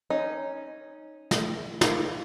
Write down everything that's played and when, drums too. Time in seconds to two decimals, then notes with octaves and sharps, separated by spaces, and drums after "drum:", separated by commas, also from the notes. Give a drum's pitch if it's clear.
0.10 C#4 D#4
1.31 drum: snare
1.81 A#3, drum: snare